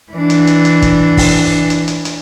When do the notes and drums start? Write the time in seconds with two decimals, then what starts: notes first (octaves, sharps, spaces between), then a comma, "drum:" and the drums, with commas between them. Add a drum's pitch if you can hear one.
0.12 E3 D4
0.30 drum: hi-hat
0.47 drum: hi-hat
0.65 drum: hi-hat
0.82 drum: kick, hi-hat
1.17 drum: kick, open hi-hat
1.70 drum: hi-hat
1.88 drum: hi-hat
2.05 drum: hi-hat